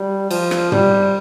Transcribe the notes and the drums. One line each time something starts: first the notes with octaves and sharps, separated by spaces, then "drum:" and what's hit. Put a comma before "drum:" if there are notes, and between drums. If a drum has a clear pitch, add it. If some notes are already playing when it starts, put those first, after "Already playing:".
Already playing: G3
F3, drum: cymbal
drum: rim click
G3, drum: tom